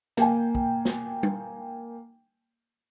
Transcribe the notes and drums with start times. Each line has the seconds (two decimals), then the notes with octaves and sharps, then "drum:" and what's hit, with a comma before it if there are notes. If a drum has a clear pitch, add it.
0.17 A#3 G5 G#5, drum: hi-hat
0.55 drum: kick
0.85 drum: snare
1.23 drum: tom G3